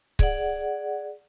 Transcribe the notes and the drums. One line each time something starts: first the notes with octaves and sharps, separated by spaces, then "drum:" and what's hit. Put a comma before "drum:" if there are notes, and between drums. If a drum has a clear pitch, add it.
G#4 D5 F#5, drum: kick C#1